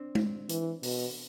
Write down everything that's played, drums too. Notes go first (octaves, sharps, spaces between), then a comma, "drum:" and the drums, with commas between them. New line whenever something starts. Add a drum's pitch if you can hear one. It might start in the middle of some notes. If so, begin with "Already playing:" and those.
Already playing: C4 D4
drum: tom G#3
E3, drum: hi-hat
B2, drum: open hi-hat